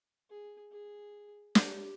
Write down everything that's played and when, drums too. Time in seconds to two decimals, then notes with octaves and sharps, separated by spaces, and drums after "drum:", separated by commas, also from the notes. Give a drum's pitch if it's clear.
0.30 G#4
0.72 G#4
1.55 G4, drum: snare